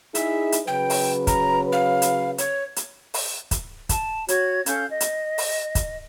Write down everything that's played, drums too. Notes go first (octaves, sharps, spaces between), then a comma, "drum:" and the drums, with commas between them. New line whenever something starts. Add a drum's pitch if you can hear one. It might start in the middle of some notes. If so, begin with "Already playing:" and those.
D#4 E4 G#4 E5, drum: hi-hat
drum: hi-hat
C#3 F#3 B4 G5
drum: open hi-hat
A#5, drum: kick, hi-hat
F5
drum: hi-hat
C#5, drum: hi-hat
drum: hi-hat
drum: open hi-hat
drum: kick, hi-hat
A5, drum: kick, hi-hat
F#4 C#5 G#6, drum: hi-hat
C#4 A4 F5 G6, drum: hi-hat
D#5
drum: hi-hat
drum: open hi-hat
drum: kick, hi-hat